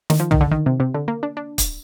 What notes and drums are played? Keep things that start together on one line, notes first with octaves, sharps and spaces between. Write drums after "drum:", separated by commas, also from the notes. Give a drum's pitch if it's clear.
D#3, drum: snare
F3
D#3, drum: tom
D3
D#3
C3
C3
D3
A#3
D4
D4
drum: kick, hi-hat